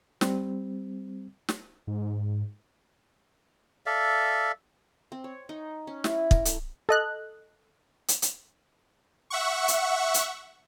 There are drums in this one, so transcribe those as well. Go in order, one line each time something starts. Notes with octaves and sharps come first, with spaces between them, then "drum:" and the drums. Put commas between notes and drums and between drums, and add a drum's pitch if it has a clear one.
G3 C4, drum: snare
drum: snare
G#2
A4 D5 E5 F5
C4
C#5
D#4
C#4
E4, drum: snare
A#4, drum: kick
A3, drum: hi-hat
A4 D#5 F#6
drum: hi-hat
drum: hi-hat
E5 F#5 C#6
drum: hi-hat
drum: hi-hat